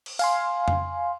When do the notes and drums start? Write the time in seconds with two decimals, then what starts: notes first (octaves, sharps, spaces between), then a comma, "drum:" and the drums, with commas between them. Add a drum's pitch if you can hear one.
0.06 drum: cymbal
0.19 F5 G#5 C6, drum: open hi-hat
0.68 drum: tom F2